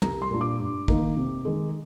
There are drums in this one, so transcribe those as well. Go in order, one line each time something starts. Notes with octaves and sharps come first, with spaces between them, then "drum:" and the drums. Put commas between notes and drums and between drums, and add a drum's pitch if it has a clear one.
C2 A#5, drum: tom
C6
A#2 G3 D4 F4
D6
G2
D#3 A#3 D#4, drum: kick
C3
D#3 G#3